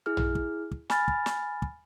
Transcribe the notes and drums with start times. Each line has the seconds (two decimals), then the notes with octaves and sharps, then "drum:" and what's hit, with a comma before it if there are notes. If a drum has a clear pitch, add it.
0.06 E4 G#4 F6
0.17 drum: tom A#1
0.35 drum: kick
0.71 drum: kick
0.90 G#5 B5 F6 A6, drum: snare
1.08 drum: kick
1.26 drum: snare
1.62 drum: kick